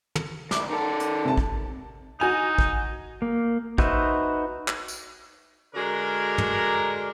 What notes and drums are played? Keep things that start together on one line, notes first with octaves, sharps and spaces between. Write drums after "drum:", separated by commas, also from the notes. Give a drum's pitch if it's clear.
drum: tom
C2 D6, drum: snare
D#3 A4
drum: hi-hat
C3 A5
drum: kick A1
D#4 F#4 G#5 F7
drum: kick A1
A#3
D#4 F#4 B4 C5 E5, drum: kick A1
drum: clap
drum: tambourine
D3 G#3 D4 F#4 A#4
drum: tom